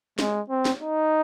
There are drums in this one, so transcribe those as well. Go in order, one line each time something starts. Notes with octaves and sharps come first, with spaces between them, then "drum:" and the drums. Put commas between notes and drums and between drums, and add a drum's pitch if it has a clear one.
G#3, drum: snare
C4
drum: snare
D#4